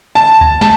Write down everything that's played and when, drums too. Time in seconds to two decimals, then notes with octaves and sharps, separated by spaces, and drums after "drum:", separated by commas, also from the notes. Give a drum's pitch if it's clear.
0.15 A5
0.41 drum: kick D2
0.61 A5, drum: snare